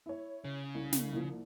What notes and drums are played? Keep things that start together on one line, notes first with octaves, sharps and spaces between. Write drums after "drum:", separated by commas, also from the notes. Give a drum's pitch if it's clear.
E4 C#5
C#3
C2
drum: snare
C2 A#2 F3